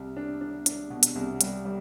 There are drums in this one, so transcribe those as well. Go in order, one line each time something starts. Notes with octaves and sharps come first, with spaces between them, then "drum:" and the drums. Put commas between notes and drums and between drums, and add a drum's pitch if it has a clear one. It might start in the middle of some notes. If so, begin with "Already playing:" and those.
Already playing: C2
D4
D4
D4, drum: hi-hat
B2
drum: hi-hat
C2
G3, drum: hi-hat
G3